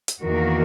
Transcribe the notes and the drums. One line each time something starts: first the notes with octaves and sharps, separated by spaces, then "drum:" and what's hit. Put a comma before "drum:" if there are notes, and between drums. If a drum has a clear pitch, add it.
drum: hi-hat
E2 D#3 A#3 F#4 A#4